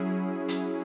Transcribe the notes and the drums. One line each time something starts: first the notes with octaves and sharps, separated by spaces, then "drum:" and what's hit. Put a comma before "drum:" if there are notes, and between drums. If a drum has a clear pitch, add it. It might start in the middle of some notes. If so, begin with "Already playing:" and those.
Already playing: F#3 C#4 E4 G#4
drum: hi-hat